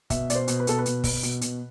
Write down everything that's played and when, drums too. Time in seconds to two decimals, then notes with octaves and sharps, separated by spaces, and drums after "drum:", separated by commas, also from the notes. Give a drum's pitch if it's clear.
0.10 B2 E5, drum: kick, hi-hat
0.30 B2 D5, drum: hi-hat
0.35 C5
0.48 B2, drum: hi-hat
0.60 B4
0.67 B2 A4, drum: hi-hat
0.79 B4
0.86 B2, drum: hi-hat
1.04 B2, drum: kick, open hi-hat
1.23 B2, drum: hi-hat
1.41 B2, drum: hi-hat